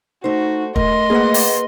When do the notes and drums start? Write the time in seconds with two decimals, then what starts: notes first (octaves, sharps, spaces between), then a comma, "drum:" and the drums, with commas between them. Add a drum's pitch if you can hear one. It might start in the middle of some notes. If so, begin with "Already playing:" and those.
0.24 A3 D#4 F#4 C5
0.76 A3 A#4 D#5 C6, drum: kick
1.10 A#3 F4 G#4 B4 F#5
1.34 drum: open hi-hat